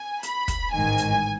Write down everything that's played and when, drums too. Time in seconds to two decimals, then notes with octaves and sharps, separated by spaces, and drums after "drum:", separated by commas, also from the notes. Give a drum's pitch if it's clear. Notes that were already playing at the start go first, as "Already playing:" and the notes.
Already playing: G#5
0.23 B5, drum: hi-hat
0.48 drum: kick, hi-hat
0.73 A1 G#2 D#3 G#5
0.98 drum: hi-hat